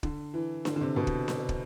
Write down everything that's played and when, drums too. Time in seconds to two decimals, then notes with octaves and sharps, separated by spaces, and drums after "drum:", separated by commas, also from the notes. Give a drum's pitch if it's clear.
0.03 D3, drum: kick
0.34 E3
0.65 D3, drum: snare D4
0.76 D3
0.81 C3
0.96 B2
1.07 drum: kick
1.28 drum: snare D4
1.49 drum: kick